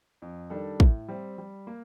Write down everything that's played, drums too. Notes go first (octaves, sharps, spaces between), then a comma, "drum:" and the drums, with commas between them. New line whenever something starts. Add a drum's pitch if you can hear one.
F2
D#3 G3 D4 A4
A2, drum: kick
G3 C4
G3
A#3